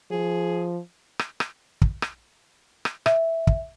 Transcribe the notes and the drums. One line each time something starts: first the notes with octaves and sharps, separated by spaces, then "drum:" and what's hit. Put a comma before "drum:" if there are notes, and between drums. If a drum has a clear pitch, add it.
F3 G#4
drum: rim click
drum: rim click
drum: kick
drum: rim click
drum: rim click
E5, drum: rim click
drum: kick